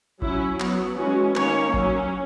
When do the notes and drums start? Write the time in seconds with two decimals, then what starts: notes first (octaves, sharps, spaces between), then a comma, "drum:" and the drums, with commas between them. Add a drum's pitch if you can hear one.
0.22 F#3 C#4 E4, drum: kick G#1
0.60 F#3 B3, drum: clap
0.98 E3 G#3 C#4 F#4
1.36 D#3 A#3 C#4 C#5, drum: clap
1.74 F#3 C#4, drum: kick G#1